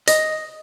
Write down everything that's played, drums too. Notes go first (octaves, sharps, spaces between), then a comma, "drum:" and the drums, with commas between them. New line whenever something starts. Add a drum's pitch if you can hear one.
D#5, drum: open hi-hat